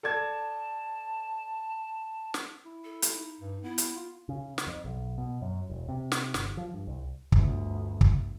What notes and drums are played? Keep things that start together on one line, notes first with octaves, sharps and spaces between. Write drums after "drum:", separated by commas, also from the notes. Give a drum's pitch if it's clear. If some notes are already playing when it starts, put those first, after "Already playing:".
A4 D5 A5 G#6
drum: snare
E4
A4
drum: hi-hat
D#4
G2
B3 E4
drum: hi-hat
F4
C#3
drum: snare
F2
B1
B2
F#2
E1
C3
drum: snare
G1, drum: snare
F3
G2
C2
G1 D2, drum: kick
drum: kick